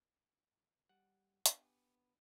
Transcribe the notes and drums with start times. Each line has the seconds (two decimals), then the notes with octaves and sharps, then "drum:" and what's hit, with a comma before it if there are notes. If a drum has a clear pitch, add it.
0.89 G3 F#5
1.46 B3 D4 G4, drum: hi-hat